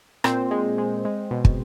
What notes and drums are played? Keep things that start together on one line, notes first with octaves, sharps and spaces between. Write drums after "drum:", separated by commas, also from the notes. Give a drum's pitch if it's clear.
A#2 C4 C5, drum: rim click
G#3
G#3
G#3
B2
drum: kick